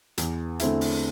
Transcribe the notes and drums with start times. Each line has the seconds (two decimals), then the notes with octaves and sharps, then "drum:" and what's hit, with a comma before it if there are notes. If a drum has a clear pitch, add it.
0.18 E2, drum: hi-hat
0.59 D3 A3 C4 E4, drum: hi-hat
0.81 drum: open hi-hat